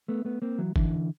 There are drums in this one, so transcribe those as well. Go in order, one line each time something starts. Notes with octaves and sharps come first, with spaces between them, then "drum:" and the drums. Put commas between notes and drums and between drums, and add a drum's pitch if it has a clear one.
A3 B3
A3 B3
A#3 C4
E3 F#3
D3 E3, drum: kick G#1